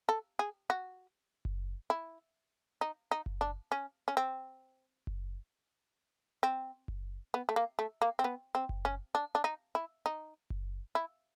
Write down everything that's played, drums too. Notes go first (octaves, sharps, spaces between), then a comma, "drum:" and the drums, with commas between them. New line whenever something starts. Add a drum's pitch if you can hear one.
A4
G#4
F#4
drum: kick F#1
E4
D#4
D#4
drum: kick F#1
D4
C#4
C#4
C4
drum: kick F#1
C4
drum: kick F#1
B3
A3
A#3
A3
A#3
C4
B3
C4
drum: kick F#1
C#4
D4
D4
D#4
E4
D#4
drum: kick F#1
E4